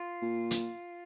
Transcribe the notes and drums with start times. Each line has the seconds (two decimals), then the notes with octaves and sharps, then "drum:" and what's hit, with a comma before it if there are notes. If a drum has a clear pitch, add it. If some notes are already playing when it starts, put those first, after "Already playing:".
Already playing: F4
0.22 A#2
0.51 drum: hi-hat